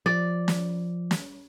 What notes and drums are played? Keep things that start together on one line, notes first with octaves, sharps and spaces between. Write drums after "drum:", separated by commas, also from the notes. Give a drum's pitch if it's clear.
F3 D5
drum: snare
drum: snare